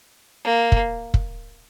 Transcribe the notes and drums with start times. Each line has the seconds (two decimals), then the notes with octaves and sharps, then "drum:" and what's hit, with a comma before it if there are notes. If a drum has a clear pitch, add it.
0.44 A#3
0.72 drum: kick
1.14 drum: kick